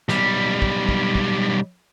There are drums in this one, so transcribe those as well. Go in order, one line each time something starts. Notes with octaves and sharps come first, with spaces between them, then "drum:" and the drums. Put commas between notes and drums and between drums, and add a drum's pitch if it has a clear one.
B1 G3, drum: snare
drum: kick
drum: kick
drum: kick